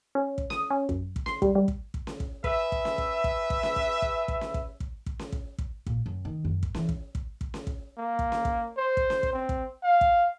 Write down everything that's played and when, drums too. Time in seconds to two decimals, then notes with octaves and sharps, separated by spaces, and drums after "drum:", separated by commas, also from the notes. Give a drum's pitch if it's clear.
0.15 C#4
0.38 drum: kick
0.50 D#6, drum: snare C#4
0.71 C#4
0.89 F#2, drum: kick
1.16 drum: kick
1.26 C6, drum: snare C#4
1.42 G3, drum: kick
1.55 G3
1.68 drum: kick
1.94 drum: kick
2.07 drum: snare C#4
2.20 drum: kick
2.44 G#4 B4 E5, drum: kick
2.72 drum: kick
2.85 drum: snare C#4
2.98 drum: kick
3.24 drum: kick
3.50 drum: kick
3.63 drum: snare C#4
3.76 drum: kick
4.02 drum: kick
4.28 drum: kick
4.41 drum: snare C#4
4.54 drum: kick
4.80 drum: kick
5.06 drum: kick
5.19 drum: snare C#4
5.32 drum: kick
5.58 drum: kick
5.87 A#2, drum: kick
6.06 F#2
6.25 D#3
6.45 F#2
6.63 drum: kick
6.75 E3, drum: snare C#4
6.89 drum: kick
7.15 drum: kick
7.41 drum: kick
7.54 drum: snare C#4
7.67 drum: kick
7.98 A#3
8.19 drum: kick
8.32 drum: snare C#4
8.45 drum: kick
8.77 C5
8.97 drum: kick
9.10 drum: snare C#4
9.23 drum: kick
9.33 C4
9.49 drum: kick
9.83 F5
10.01 drum: kick